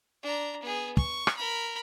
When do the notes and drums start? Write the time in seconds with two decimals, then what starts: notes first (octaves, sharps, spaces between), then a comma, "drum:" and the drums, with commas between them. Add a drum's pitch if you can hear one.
0.23 D4 A#5
0.62 B3 G#4
0.97 C#6, drum: kick
1.27 drum: rim click
1.37 A#4 B5